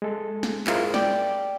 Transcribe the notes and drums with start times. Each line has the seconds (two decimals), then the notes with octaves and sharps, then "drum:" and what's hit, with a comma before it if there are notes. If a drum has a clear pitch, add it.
0.02 G#3 A4
0.43 drum: snare
0.67 G#3 E4 F4 G#4 A#4 C5, drum: clap
0.94 D5 G5 D6, drum: snare